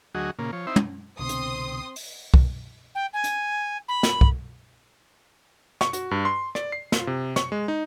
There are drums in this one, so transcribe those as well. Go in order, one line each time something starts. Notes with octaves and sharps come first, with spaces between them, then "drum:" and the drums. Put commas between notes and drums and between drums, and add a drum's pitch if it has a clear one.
D2 F#3 F#4 G#4 D#5
A#2 C#3 A#3
F3 C#5
C4 D#4 E4 C5 E5
drum: tom
C2 B2 D3 C4 C6 D#6
drum: hi-hat
drum: open hi-hat
drum: kick
G5
G#5
drum: hi-hat
B5
drum: snare
drum: kick
C#6, drum: snare
F#4, drum: hi-hat
G2
C6
D5, drum: rim click
C7
F4, drum: snare
C3
C#6, drum: snare
G#3
D#4